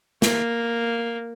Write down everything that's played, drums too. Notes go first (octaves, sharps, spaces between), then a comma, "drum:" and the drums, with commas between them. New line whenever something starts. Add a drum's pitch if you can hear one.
A#3, drum: snare